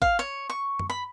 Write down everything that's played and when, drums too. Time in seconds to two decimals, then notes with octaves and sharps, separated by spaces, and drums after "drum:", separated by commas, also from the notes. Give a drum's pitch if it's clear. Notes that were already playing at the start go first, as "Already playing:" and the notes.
0.02 F5, drum: kick
0.19 C#5
0.50 C#6
0.79 drum: tom F#2
0.90 B5